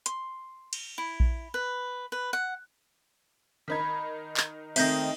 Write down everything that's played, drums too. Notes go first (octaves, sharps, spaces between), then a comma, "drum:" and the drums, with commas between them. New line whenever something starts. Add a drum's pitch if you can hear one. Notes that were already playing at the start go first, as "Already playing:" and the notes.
C6, drum: hi-hat
drum: cymbal
E4
drum: kick A#1
B4
B4
F#5
D#3 D#4 B5 G#6 B6
drum: clap
D#3 A3 C4 A#4 D#5 E5 G6 A#6, drum: cymbal